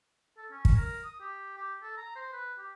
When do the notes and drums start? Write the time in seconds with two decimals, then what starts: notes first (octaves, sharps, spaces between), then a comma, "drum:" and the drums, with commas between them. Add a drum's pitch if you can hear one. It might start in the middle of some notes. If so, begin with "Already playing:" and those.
0.37 A4
0.51 C#4
0.65 drum: kick
0.76 A#4
1.04 D#6
1.21 G4
1.58 G4
1.83 A4
1.97 A#5
2.16 C5
2.33 B4
2.58 G4